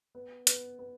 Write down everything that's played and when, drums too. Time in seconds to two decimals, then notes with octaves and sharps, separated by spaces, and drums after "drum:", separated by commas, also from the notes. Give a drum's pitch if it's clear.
0.15 B3
0.47 B3, drum: hi-hat
0.79 B3